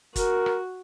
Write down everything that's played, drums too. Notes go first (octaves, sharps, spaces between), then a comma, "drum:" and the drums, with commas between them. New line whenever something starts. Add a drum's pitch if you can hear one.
F#4 A#4, drum: kick, hi-hat
drum: rim click